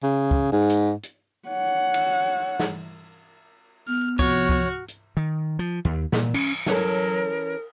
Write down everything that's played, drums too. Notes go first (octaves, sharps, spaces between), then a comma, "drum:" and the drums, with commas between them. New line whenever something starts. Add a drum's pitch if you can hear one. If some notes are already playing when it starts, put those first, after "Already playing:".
C#3
drum: kick
G#2
drum: hi-hat
drum: hi-hat
C#5 F#5
drum: cymbal
drum: snare
B3 F6
C2 F3 F#4 C#5 F6, drum: kick
drum: kick
drum: hi-hat
D#3
F3
D#2
A#2, drum: snare
C#4, drum: cymbal
E3 F#3 C#4 A4 A#4, drum: snare